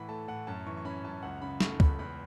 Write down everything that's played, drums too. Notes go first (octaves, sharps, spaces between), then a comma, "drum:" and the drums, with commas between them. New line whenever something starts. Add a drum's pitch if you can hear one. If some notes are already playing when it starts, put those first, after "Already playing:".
Already playing: A2 E3 F#5 B5
A3 A5
A2 F#5
F#2 A5
E3 C#6
C#6
C#4 B5
F#2 A5
C#2 F#5
C#3 B5
A3 C#6, drum: snare
C#2 B5, drum: kick
E2 B5